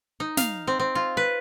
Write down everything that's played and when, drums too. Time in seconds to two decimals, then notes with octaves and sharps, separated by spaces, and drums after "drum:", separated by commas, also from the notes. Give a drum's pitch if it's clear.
0.20 D#4
0.37 F5, drum: snare
0.67 C4
0.80 C4
0.95 F4
1.17 B4